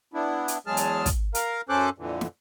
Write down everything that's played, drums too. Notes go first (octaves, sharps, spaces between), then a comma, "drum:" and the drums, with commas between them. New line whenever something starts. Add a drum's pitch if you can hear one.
B3 D4 E4
drum: hi-hat
E2 F#3 G#3 G#4 A5 F6
drum: hi-hat
drum: kick, hi-hat
A#4 F5 A#5, drum: hi-hat
F#2 C#4 A4 C5 D6 F#6
F2 A#2 D3 E3
drum: snare